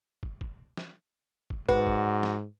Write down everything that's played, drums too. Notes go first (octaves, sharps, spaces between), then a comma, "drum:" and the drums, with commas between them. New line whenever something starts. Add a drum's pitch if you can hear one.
drum: kick
drum: kick
drum: snare
drum: kick
G#2 F#4 B4 D5, drum: kick
drum: kick
drum: snare